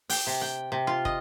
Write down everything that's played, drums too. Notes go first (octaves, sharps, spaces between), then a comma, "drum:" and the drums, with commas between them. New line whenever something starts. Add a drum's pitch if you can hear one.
G5, drum: open hi-hat
C3
G5
C3
F4
D#5, drum: kick